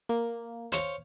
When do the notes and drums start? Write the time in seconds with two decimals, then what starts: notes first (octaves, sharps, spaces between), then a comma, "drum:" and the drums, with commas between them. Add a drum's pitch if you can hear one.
0.09 A#3
0.72 C5 C#5 F5, drum: hi-hat